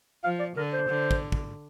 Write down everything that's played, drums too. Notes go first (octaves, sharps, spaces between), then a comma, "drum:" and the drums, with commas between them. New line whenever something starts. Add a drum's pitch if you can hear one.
F3 F5
D5
D3 A#4
C5
D3
drum: kick
drum: kick